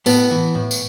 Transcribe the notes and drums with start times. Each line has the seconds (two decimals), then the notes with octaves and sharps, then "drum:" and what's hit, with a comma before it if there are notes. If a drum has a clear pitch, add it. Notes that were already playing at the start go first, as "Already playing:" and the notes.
0.06 A2 B3, drum: tambourine
0.31 E3
0.55 A2
0.71 drum: tambourine